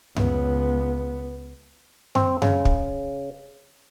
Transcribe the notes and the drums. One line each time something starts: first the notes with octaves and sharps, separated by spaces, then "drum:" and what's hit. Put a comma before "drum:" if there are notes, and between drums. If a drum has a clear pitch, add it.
C#2 B3, drum: tom F#2
C4, drum: tom F#2
C#3, drum: tom F#2
drum: kick